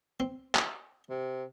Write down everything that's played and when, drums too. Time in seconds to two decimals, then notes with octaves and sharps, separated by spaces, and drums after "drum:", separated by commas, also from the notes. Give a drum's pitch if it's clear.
0.20 C4
0.55 drum: clap
1.10 C3